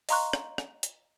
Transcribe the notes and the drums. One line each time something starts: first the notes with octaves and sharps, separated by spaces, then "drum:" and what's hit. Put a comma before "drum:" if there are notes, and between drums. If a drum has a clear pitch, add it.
D#5 F5 A#5 C6 C#6 F#6, drum: open hi-hat
drum: rim click
drum: rim click
drum: hi-hat